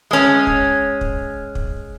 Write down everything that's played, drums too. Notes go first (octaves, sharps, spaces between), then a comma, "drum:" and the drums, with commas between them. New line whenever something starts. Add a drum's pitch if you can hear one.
G#3 C#4
drum: kick
drum: kick
drum: kick